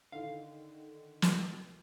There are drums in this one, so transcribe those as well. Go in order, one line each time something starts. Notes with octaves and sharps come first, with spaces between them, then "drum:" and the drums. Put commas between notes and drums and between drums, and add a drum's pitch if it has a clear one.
D3 D#3 F5
drum: snare